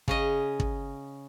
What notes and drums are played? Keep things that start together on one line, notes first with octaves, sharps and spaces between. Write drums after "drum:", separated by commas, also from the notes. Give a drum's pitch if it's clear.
C#3 C#4 D#5, drum: kick
drum: kick